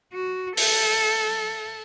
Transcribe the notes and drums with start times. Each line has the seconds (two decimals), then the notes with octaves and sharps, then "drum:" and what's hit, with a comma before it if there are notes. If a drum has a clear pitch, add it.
0.13 F#4
0.57 A4, drum: open hi-hat